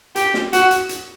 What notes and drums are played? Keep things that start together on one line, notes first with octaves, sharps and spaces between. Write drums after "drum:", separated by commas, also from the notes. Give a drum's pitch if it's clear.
G4, drum: hi-hat
drum: snare
F#4, drum: hi-hat
drum: hi-hat
drum: hi-hat